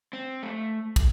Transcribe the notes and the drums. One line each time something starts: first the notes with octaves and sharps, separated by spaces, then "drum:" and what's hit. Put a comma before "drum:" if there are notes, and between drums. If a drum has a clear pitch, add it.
C4
A3
drum: kick, cymbal